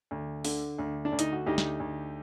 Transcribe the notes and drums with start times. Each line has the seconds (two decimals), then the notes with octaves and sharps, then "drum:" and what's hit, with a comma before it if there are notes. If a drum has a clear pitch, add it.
0.11 D2
0.45 D3, drum: open hi-hat
0.79 D2
1.05 D4
1.12 D2
1.19 D#4, drum: hi-hat
1.32 F#4
1.46 D2 D#4 G4
1.58 drum: snare
1.80 D2